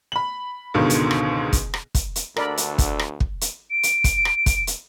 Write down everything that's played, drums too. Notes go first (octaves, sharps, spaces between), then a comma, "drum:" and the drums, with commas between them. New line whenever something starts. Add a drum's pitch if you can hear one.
B5 F#7
C#2 G#2 B2 D3 D#3
drum: hi-hat
drum: rim click
drum: kick, hi-hat
drum: rim click
drum: kick, hi-hat
drum: hi-hat
D2 D3 D4 A4 A#4 D5 B5, drum: rim click
drum: hi-hat
drum: kick, hi-hat
drum: rim click
drum: kick
drum: hi-hat
D7
drum: hi-hat
drum: kick, hi-hat
drum: rim click
drum: kick, hi-hat
drum: hi-hat